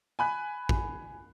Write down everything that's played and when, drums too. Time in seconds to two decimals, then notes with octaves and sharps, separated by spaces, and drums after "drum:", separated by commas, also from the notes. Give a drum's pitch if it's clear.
0.19 G#5 B5 F#6
0.69 drum: kick A1